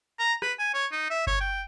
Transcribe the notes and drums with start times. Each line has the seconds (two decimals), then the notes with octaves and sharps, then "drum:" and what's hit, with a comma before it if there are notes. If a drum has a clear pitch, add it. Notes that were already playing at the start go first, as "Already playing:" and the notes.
0.19 A#5
0.42 B4, drum: rim click
0.59 G#5
0.74 C#5
0.92 D#4
1.10 E5
1.27 C#5, drum: kick G1
1.40 G5